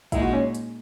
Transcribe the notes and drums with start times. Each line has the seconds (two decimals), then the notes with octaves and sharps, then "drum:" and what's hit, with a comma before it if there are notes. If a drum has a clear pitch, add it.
0.12 A#2 G#3 D#4 E4, drum: kick, hi-hat
0.22 F#4
0.33 C#4
0.55 drum: hi-hat